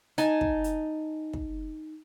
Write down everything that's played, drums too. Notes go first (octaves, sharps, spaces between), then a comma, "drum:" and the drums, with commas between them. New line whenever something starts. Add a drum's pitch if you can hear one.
D#4 G#5 A5, drum: hi-hat
drum: kick
drum: hi-hat
drum: kick